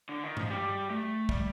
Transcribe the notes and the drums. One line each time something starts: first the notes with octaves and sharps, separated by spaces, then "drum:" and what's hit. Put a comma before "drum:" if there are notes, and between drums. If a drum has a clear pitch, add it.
D3
D#3
F3, drum: tom G2
G3
A3
G3, drum: kick